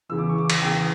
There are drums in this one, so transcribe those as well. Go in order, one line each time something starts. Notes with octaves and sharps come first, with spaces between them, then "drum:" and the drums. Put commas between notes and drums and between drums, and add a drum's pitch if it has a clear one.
E2 C#3 E3 E6
D6
C#6
D6
drum: cymbal
E2 C#3 E3 G5